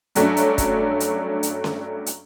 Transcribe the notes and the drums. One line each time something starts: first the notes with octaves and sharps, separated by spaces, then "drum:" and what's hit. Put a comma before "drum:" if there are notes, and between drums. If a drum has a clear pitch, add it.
G2 F#3 A3 C#4 D4, drum: hi-hat
drum: hi-hat
drum: kick, hi-hat
drum: hi-hat
drum: hi-hat
drum: snare C#4
drum: hi-hat